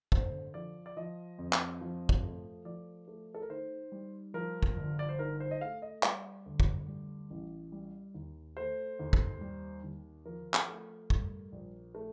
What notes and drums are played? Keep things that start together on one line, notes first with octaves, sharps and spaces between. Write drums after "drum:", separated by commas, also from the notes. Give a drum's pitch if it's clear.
D3 C5, drum: kick
F3 D5
D5
F3 D#5
F2
drum: clap
F3
drum: kick
A3
F3 D5
A3
A4
A#4
D#3 C5
G3
F3 A#4
drum: kick
G1
D5
C5
D#3 A#4
C5
D#5
A3 F5
D#5
G3 D5, drum: clap
D2
drum: kick
G3
A1
G3
D#2
A3 C5
D#2
drum: kick
G3
D#2
F3 A#4
drum: clap
A3
G3, drum: kick
A#1
A3